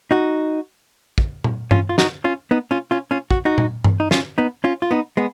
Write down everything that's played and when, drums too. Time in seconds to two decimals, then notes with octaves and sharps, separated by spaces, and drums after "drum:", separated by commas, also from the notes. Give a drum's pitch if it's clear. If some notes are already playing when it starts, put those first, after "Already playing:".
0.11 D#4 F#4
1.18 drum: kick
1.44 drum: tom A#2
1.71 C#4 F4, drum: tom G2
1.89 F4
1.98 D#4 F#4, drum: snare
2.24 C#4 F4
2.51 B3 D#4
2.71 C#4 F4
2.91 C#4 F4
3.11 C#4 F4
3.31 F#4, drum: kick
3.45 D#4 F#4
3.58 drum: tom A#2
3.84 drum: tom G2
4.00 D#4
4.11 C#4 F4, drum: snare
4.38 B3 D#4
4.64 C#4 F4
4.82 F4
4.91 B3 D#4
5.17 G#3 B3